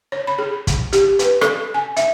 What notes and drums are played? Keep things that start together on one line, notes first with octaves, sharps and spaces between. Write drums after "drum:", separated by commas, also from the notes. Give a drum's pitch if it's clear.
C#5
B5
G#4
drum: kick, hi-hat
G4, drum: hi-hat
B4, drum: hi-hat
A4, drum: rim click
G#5
E5, drum: hi-hat